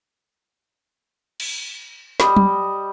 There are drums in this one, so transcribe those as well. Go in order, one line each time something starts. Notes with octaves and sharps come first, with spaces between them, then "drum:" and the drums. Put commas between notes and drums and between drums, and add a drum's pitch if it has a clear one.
drum: cymbal
G3 D#5, drum: snare
drum: tom F#3